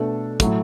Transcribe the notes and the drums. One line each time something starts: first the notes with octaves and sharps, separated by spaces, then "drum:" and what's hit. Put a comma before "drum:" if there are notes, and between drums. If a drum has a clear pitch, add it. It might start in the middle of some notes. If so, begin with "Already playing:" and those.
Already playing: B2 A3 D4 A4
A2 F#3 A3, drum: kick, hi-hat